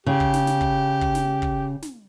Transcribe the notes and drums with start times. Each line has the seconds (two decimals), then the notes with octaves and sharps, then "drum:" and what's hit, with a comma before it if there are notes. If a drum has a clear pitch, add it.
0.06 C#3 G4
0.20 drum: kick
0.34 drum: snare
0.47 drum: snare
0.61 drum: kick
1.01 drum: kick
1.15 drum: snare
1.42 drum: kick
1.82 drum: snare